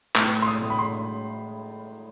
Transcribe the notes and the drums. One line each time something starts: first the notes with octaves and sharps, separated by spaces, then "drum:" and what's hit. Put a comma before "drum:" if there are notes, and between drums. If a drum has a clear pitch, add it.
A2, drum: clap
C6
D#6
A2
B5
C6